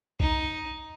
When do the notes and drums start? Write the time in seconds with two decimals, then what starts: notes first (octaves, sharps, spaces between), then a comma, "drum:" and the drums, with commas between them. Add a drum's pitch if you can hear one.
0.20 D#4, drum: kick B1